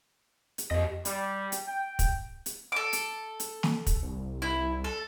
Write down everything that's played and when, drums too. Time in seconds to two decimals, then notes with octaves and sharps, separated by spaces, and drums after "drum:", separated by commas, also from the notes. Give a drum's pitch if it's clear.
0.58 drum: hi-hat
0.71 F2 G4 D#5
1.05 G3, drum: hi-hat
1.52 drum: hi-hat
1.67 G5
1.99 drum: kick, hi-hat
2.46 drum: hi-hat
2.72 A4 D6
2.93 drum: hi-hat
3.40 drum: hi-hat
3.63 drum: snare
3.87 drum: kick, hi-hat
4.02 C2
4.42 E4
4.84 A4